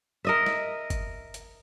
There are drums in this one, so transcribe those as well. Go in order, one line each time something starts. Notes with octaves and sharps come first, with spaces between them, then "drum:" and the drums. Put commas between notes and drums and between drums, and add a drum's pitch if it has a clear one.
A#4 D#5 E5
drum: snare
drum: kick, hi-hat
drum: hi-hat